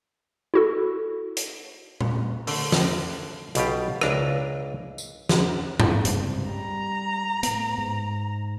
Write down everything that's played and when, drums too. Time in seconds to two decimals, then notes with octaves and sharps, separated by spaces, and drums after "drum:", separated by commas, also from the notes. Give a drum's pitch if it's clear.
0.54 E4 F#4 A4
1.37 drum: hi-hat
2.01 drum: tom A#2
2.47 D3 A3, drum: open hi-hat
2.72 drum: snare
3.55 B1 B2 F4 G4, drum: hi-hat
4.01 C#2 D4 A#4 D5 A#5, drum: rim click
4.98 drum: tambourine
5.29 drum: snare
5.80 drum: tom G2
6.05 C#2 G2 C3, drum: hi-hat
6.49 G3 A#5
7.43 A2 B3, drum: hi-hat
7.78 G#2